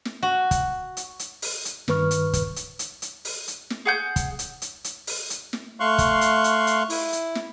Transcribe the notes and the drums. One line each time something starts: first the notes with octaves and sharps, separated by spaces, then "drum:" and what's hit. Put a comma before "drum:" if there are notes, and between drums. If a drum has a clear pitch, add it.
drum: snare
F#4
drum: kick, hi-hat
drum: hi-hat
drum: hi-hat
drum: open hi-hat
drum: hi-hat
G2 D#3 B4 C#6 F6, drum: snare
drum: hi-hat
drum: kick, hi-hat
drum: hi-hat
drum: hi-hat
drum: hi-hat
drum: open hi-hat
drum: hi-hat
drum: snare
G#4 F#5 G6
drum: kick, hi-hat
drum: hi-hat
drum: hi-hat
drum: hi-hat
drum: open hi-hat
drum: hi-hat
drum: snare
A3 F5 C6 C#6 F#6
drum: kick, hi-hat
drum: hi-hat
drum: hi-hat
drum: hi-hat
E4, drum: open hi-hat
drum: hi-hat
drum: snare